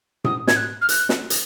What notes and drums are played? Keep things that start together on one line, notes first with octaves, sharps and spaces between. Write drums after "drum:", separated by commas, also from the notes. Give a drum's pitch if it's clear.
D#6, drum: tom A2
G#6, drum: snare
F#6
F6
F#6, drum: hi-hat
drum: snare
drum: hi-hat